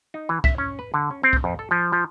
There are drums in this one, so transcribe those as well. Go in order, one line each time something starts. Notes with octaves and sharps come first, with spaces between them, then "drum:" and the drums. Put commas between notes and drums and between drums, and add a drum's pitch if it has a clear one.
D#4
E3
E5, drum: kick
C#4
B4
D3
C#4
C4
drum: kick
F2
A4
F3
F3